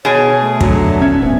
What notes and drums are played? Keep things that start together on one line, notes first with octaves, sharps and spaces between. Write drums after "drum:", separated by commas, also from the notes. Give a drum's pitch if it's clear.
B2 G#4 C#5
A3
D3 F#3, drum: kick
C#4 E5 G#6
D1 B3 C#4